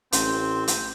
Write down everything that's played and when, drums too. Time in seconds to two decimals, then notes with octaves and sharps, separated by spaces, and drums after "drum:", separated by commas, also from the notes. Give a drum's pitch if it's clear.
0.12 A1 C4 C6, drum: hi-hat
0.68 drum: hi-hat